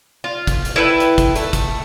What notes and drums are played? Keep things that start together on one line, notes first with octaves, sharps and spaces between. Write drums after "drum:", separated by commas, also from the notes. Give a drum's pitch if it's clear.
F4
drum: kick, hi-hat
drum: hi-hat
E4 A4 B4 G5
drum: hi-hat
drum: kick, hi-hat
A3, drum: hi-hat
drum: kick, hi-hat